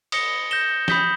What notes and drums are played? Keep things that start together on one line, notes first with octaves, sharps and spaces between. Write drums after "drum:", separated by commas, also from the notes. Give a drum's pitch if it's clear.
D#6 A#6 C#7 G7, drum: cymbal
G6 A#6 E7 G7
B5 D#6 G6 B6 G7, drum: snare